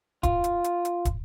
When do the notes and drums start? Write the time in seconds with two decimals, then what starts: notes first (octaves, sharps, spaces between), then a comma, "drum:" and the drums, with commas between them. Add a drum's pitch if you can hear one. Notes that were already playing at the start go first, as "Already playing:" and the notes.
0.23 F4, drum: kick, hi-hat
0.44 drum: hi-hat
0.64 drum: hi-hat
0.85 drum: hi-hat
1.05 drum: kick, hi-hat